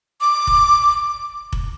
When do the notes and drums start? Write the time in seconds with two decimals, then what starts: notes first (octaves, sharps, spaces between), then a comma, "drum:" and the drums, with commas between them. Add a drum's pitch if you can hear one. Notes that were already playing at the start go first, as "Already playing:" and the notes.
0.21 D6
0.47 drum: kick F1
1.53 drum: kick F1